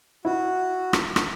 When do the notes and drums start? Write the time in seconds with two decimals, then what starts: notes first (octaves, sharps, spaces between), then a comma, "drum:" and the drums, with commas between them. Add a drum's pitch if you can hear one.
0.25 E4 F#4
0.93 drum: rim click
1.16 drum: rim click